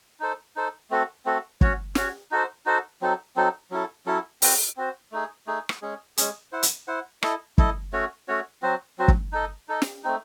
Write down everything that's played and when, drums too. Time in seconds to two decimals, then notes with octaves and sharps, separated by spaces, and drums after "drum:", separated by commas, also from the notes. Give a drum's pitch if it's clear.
0.20 D#4 A4 C5
0.56 D#4 A4 C5
0.90 A3 C4 F#4 A4
1.25 A3 C4 F#4 A4
1.61 C#4 F#4 C#5, drum: kick
1.95 C#4 F#4 C#5, drum: snare
2.31 D#4 F#4 A4 C5
2.66 D#4 F#4 A4 C5
3.02 F#3 C4 D#4 A4
3.36 F#3 C4 D#4 A4
3.71 F#3 C#4 E4 A4
4.06 F#3 C#4 E4 A4
4.42 C4 F#4 C5, drum: open hi-hat
4.77 C4 F#4 C5
5.12 A3 D#4 G#4
5.47 A3 D#4 G#4
5.69 drum: rim click
5.82 G#3 C#4 G#4
6.17 G#3 C#4 G#4, drum: hi-hat
6.52 E4 C5 F#5
6.63 drum: hi-hat
6.87 E4 C5 F#5
7.23 E4 A4 D#5, drum: rim click
7.58 E4 A4 D#5, drum: kick
7.93 A3 C#4 F#4 C#5
8.28 A3 C#4 F#4 C#5
8.62 F#3 C4 F#4 C5
8.98 F#3 C4 F#4 C5
9.08 drum: kick
9.32 D#4 A4 D#5
9.68 D#4 A4 D#5
9.82 drum: snare
10.04 A3 C4 D#4